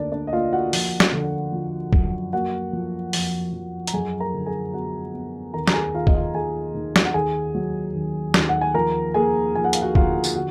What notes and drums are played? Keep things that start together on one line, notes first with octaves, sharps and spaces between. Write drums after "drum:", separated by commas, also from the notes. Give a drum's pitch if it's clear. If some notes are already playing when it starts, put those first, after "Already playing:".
Already playing: D2 D3 A#3 D4 D#4 D5
D4 D5
D#5
A#3 F4 F5
F#4 F#5
F3, drum: open hi-hat
drum: snare
D3
F3
F#2, drum: kick
A#3 F#4 F#5
F3
F2, drum: open hi-hat
F3
A#5, drum: hi-hat
F#2 G#4 G#5
A#4 A#5
D3
G#4 G#5
B3 F#4 F#5
B3
D#2 A#4 A#5
A#5, drum: snare
G#4 G#5
D#2 F4 F5
D#5, drum: kick
F4 F5
D#2 G#4 G#5
D#3
drum: snare
F#5
D#2 G#4 G#5
F#3
D#2
D#2, drum: snare
F#5
G#5
F3 A#4 A#5
A#3 G#4 G#5
F3 G#5
F#5
F5, drum: hi-hat
F#4 F#5
D3 F4 F5, drum: kick
drum: tambourine
D3 F#4 F#5